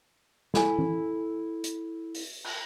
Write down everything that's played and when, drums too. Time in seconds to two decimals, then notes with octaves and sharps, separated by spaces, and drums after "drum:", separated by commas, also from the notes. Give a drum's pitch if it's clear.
0.54 E4 A4 G#5, drum: snare
0.79 drum: tom E3
1.64 drum: hi-hat
2.14 drum: open hi-hat
2.44 drum: cymbal